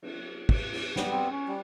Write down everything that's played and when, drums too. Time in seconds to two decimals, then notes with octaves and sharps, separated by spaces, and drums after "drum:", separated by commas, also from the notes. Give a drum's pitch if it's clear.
0.02 drum: cymbal
0.49 drum: kick, cymbal
0.72 drum: cymbal
0.96 G3 B3, drum: snare
1.11 C4
1.31 C#4
1.48 G3